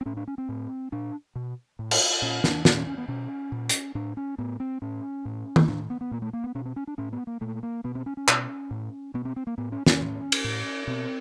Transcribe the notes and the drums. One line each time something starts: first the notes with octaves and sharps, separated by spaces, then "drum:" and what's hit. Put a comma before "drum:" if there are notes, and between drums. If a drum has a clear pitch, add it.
C4
A2 C#4
D4
C#4
C4
A2
A#2 D4
B2
A2
drum: cymbal
A#2 C#4
D4, drum: snare
A#2 C#4, drum: snare
C#4
C#4
B3
B2 C#4
A#2
drum: hi-hat
A2 D4
C#4
A2 B3
C4
A2 C#4
A2
drum: tom D#3
A2 D4
B3
B3
A#2 A#3
A3
A#3
B3
B2 C#4
C4
C#4
D4
A2 C#4
B3
A#3
A#2 A3
A#3
B2 B3
C4
C#4
C#4
B2, drum: clap
A2
B2 B3
C4
C4
A#3
A2 B3
C#4
C#4, drum: snare
A2
drum: cymbal
A2
B2 C4